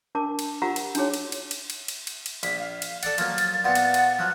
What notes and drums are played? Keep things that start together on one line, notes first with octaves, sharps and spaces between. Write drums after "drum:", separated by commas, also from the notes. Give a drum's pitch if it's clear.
D4 A#4 A5 D6
drum: cymbal
F4 G4 A#4 F#5 A#5 E6
drum: cymbal
D4 D#4 F#4 G#4 C#5, drum: cymbal
drum: cymbal
drum: cymbal
drum: cymbal
drum: cymbal
drum: cymbal
drum: cymbal
drum: cymbal
A#1 B6, drum: cymbal
F5
drum: cymbal
A4 D5 F#5 A6, drum: cymbal
F3 F#3 A#3, drum: cymbal
drum: cymbal
A#2 B3 C4 F#5
drum: cymbal
drum: cymbal
F3 F#3 F#6